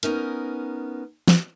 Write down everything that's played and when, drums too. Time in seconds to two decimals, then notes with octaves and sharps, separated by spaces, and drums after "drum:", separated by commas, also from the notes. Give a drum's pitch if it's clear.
0.03 B3 C#4 D#4 A#4, drum: hi-hat
1.28 drum: snare